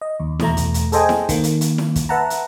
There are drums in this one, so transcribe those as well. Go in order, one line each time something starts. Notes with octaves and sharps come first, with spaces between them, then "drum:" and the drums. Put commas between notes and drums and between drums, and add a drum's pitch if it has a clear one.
D#5
D#2
E2 B2 A3 A#5, drum: snare E4
drum: kick, hi-hat
drum: hi-hat
G#4 A4 C5 D#5 G5 G#5, drum: hi-hat
drum: snare E4
D#3 A#3, drum: kick, hi-hat
drum: hi-hat
drum: hi-hat
drum: snare E4
drum: kick, hi-hat
B4 E5 F#5 A5 A#5
drum: hi-hat